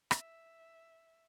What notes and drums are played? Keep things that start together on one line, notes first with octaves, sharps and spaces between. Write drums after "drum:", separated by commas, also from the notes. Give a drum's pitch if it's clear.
E5, drum: rim click